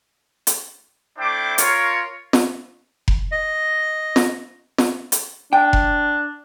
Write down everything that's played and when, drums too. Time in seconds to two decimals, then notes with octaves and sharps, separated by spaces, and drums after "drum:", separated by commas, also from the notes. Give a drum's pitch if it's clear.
0.47 drum: hi-hat
1.19 A3 D4 E4 C5 G5 D6
1.58 F4 A#4 C#5, drum: hi-hat
2.33 drum: snare
3.08 drum: kick F1
3.32 D#5
4.16 drum: snare
4.78 drum: snare
5.12 drum: hi-hat
5.53 D4 G5
5.73 drum: kick F1